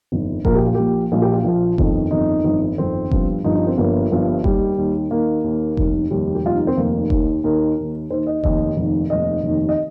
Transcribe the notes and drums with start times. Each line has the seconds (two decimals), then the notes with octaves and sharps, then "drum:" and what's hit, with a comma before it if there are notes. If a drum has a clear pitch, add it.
0.12 G1 F2 D#3
0.45 A#1 A#2 F3 A#4, drum: kick F1
0.55 G4
0.65 F4
0.75 A#1 A#2 F3 G4
1.12 A#1 A#2 F3 F4
1.22 G4
1.33 F4
1.44 A#1 A#2 F3
1.78 G1 F2 D#3, drum: kick F1
2.11 G1 F2 D#3 D#4
2.44 G1 F2 D#3
2.78 G1 F2 D#3 C4
3.11 G1 G2 F3, drum: kick F1
3.44 G1 G2 F3 D#4
3.55 D#4
3.67 C4
3.77 G1 G2 F3 A#3
4.11 G1 G2 F3
4.44 D#2 D#3 G3, drum: kick F1
4.78 D#2 D#3
5.11 D#2 D#3 A#3
5.44 D#2 D#3
5.77 F1 D#2 D#3, drum: kick F1
6.11 F1 D#2 D#3 G3
6.35 G4
6.44 F1 D#2 D#3 F4
6.56 D#4
6.67 C4
6.77 F1 D#2 D#3 A#3
7.10 D#2 D#3, drum: kick F1
7.44 D#2 D#3 A#4
7.78 D#2 D#3
8.10 D#2 D#3 C5
8.27 D#5
8.44 F1 D#2 D#3 D#5, drum: kick F1
8.77 F1 D#2 D#3
9.10 F1 D#2 D#3 D#5
9.43 F1 D#2 D#3
9.69 D#5